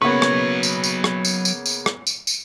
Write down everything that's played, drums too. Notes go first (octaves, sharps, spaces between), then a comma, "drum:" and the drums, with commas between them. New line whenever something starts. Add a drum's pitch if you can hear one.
C#3 F#3 A#3 B3 B4 C#5 C#6
drum: rim click
drum: tambourine
drum: tambourine
drum: rim click
drum: tambourine
drum: tambourine
drum: tambourine
drum: rim click
drum: tambourine
drum: tambourine